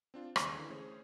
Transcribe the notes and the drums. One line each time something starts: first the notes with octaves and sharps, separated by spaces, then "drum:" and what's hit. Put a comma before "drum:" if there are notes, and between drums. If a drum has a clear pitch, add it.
C4 D4 F4
D#2 C#3 D5, drum: rim click
D3 E3
A3 C#4 G#4 C5 C#5